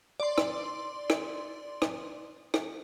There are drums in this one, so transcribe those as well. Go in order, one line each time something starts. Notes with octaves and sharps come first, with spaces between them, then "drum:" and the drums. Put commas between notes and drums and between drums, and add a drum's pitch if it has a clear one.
D5 C6
drum: rim click
drum: rim click
drum: rim click
drum: rim click